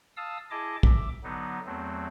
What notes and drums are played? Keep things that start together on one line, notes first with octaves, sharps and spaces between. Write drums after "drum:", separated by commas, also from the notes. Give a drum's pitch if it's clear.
F5 A5 D#6 E6
E4 G#4 D#5 A5 D6
E5 D6, drum: kick
D3 F#3 B3 D#4
E2 F#3 A3 C4